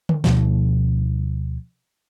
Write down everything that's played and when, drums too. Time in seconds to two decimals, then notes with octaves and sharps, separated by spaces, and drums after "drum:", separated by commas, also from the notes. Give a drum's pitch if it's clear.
0.09 drum: tom D3
0.24 D2 B2 F3, drum: snare